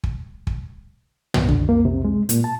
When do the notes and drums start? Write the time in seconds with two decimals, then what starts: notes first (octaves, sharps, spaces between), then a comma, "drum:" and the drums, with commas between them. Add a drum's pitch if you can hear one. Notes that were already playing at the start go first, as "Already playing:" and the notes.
0.04 drum: kick
0.47 drum: kick
1.34 B2, drum: tom
1.49 D3, drum: kick
1.69 A#3
1.85 C3
2.04 G#3
2.29 A#2, drum: hi-hat
2.44 A5